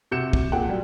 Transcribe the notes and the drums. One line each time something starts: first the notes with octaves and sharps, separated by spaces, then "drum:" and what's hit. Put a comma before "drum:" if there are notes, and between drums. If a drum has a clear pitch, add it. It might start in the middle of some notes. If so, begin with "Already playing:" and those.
C3 F#4 G6 C#7 E7
drum: kick
A#2 G#4 F#5 G5
F#3 G3